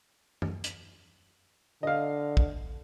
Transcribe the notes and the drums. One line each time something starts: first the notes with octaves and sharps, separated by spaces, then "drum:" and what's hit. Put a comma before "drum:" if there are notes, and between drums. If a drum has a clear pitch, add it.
drum: tom F#2
drum: hi-hat
D3 D#5 F5
drum: kick